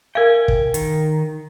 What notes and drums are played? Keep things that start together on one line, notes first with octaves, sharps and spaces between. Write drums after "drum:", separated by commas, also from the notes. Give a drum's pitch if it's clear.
A#4 F5 G5 G#5
drum: kick
D#3, drum: hi-hat